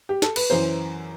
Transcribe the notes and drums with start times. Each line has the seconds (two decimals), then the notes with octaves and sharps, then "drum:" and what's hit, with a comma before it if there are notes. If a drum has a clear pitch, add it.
0.09 G4
0.22 A4, drum: snare
0.36 B4, drum: cymbal
0.50 F#2 E3 C5